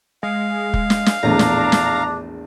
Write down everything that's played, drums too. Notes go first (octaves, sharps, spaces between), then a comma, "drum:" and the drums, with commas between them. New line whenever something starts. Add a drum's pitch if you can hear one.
G#3 F5
drum: kick
drum: snare
drum: snare
A#1 E2 A2 D4 A#5
drum: snare
drum: snare